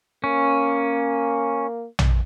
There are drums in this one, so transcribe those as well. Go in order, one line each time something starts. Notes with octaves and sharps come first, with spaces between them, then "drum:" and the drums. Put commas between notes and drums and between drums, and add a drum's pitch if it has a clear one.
A#3 C#4
drum: tom A#1